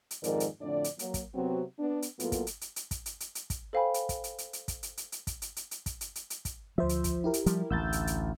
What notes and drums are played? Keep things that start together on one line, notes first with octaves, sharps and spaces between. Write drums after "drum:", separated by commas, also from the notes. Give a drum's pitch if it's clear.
drum: hi-hat
F2 G#2 D#3 A#4 D5 D#5, drum: hi-hat
drum: hi-hat
F2 A2 D3 D4 D5
drum: hi-hat
F#3 A#3, drum: hi-hat
drum: kick, hi-hat
C3 F#3 B3 C4 F#4
B3 D4
drum: hi-hat
A2 F#3 A#3 B3 F4 A4, drum: hi-hat
drum: kick, hi-hat
drum: hi-hat
drum: hi-hat
drum: hi-hat
drum: kick, hi-hat
drum: hi-hat
drum: hi-hat
drum: hi-hat
drum: kick, hi-hat
A4 C5 F5 G5 G#5 B5
drum: hi-hat
drum: kick, hi-hat
drum: hi-hat
drum: hi-hat
drum: hi-hat
drum: kick, hi-hat
drum: hi-hat
drum: hi-hat
drum: hi-hat
drum: kick, hi-hat
drum: hi-hat
drum: hi-hat
drum: hi-hat
drum: kick, hi-hat
drum: hi-hat
drum: hi-hat
drum: hi-hat
drum: kick, hi-hat
D2 F3 C5 E5
drum: hi-hat
drum: kick, hi-hat
E4 G4 A#4
drum: hi-hat
F3 G3, drum: hi-hat
A1 D2 E6 G6 A6
drum: hi-hat
drum: hi-hat